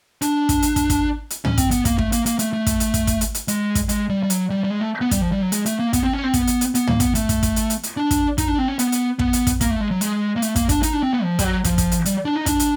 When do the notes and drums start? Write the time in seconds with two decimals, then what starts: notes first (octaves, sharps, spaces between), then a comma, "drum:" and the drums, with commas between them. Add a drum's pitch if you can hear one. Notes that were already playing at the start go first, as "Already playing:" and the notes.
0.22 D4, drum: hi-hat
0.49 drum: kick, hi-hat
0.62 drum: hi-hat
0.76 drum: kick, hi-hat
0.90 drum: kick, hi-hat
1.30 drum: hi-hat
1.45 C#4, drum: tom
1.58 C4, drum: kick, hi-hat
1.71 B3, drum: hi-hat
1.85 A#3, drum: kick, hi-hat
1.98 A3, drum: kick
2.12 A#3, drum: hi-hat
2.26 A#3, drum: hi-hat
2.39 A3, drum: hi-hat
2.53 A3
2.66 drum: kick, hi-hat
2.80 drum: hi-hat
2.94 drum: kick, hi-hat
3.07 drum: kick, hi-hat
3.21 drum: hi-hat
3.35 drum: hi-hat
3.48 G#3, drum: hi-hat
3.75 drum: kick, hi-hat
3.89 G#3, drum: hi-hat
4.09 G3
4.23 G3
4.30 F#3, drum: hi-hat
4.50 G3
4.64 G3
4.70 G#3
4.81 A3
5.01 B3
5.11 G3, drum: kick, hi-hat
5.21 F3
5.32 G3
5.42 F#3
5.52 G#3, drum: hi-hat
5.66 A3, drum: hi-hat
5.79 A#3
5.93 B3, drum: kick, hi-hat
6.03 C4
6.13 C#4
6.24 C4
6.34 B3, drum: kick, hi-hat
6.47 drum: hi-hat
6.61 drum: hi-hat
6.75 B3, drum: hi-hat
6.87 A#3, drum: tom
7.00 B3, drum: kick, hi-hat
7.15 A3, drum: hi-hat
7.29 drum: kick, hi-hat
7.43 drum: kick, hi-hat
7.56 drum: hi-hat
7.70 drum: hi-hat
7.83 drum: hi-hat
7.97 D4
8.11 drum: kick, hi-hat
8.38 D#4, drum: kick, hi-hat
8.48 D4
8.58 C4
8.68 C#4
8.79 B3, drum: hi-hat
8.92 drum: hi-hat
9.19 B3, drum: kick
9.33 drum: hi-hat
9.47 drum: kick, hi-hat
9.61 A#3, drum: kick, hi-hat
9.71 A3
9.81 G#3
9.91 F#3
10.01 G#3, drum: hi-hat
10.36 A#3
10.42 A3, drum: hi-hat
10.56 A#3, drum: kick, hi-hat
10.69 D4, drum: kick, hi-hat
10.83 D#4, drum: hi-hat
10.93 D4
11.03 C4
11.13 B3
11.23 F3
11.39 G3, drum: kick, hi-hat
11.44 F#3
11.64 F3, drum: kick, hi-hat
11.78 drum: kick, hi-hat
11.92 drum: hi-hat
12.06 G3, drum: hi-hat
12.25 D4
12.36 D#4
12.46 D4, drum: kick, hi-hat
12.60 drum: hi-hat